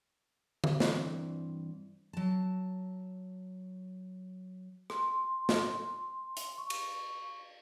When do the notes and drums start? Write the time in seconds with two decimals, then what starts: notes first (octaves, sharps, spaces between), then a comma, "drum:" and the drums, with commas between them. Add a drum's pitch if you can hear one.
0.64 drum: tom D3
0.80 G2 E3 C4, drum: snare
2.13 F#3 A5
4.90 C6, drum: rim click
5.49 drum: snare
6.37 drum: hi-hat
6.58 C#6
6.70 drum: cymbal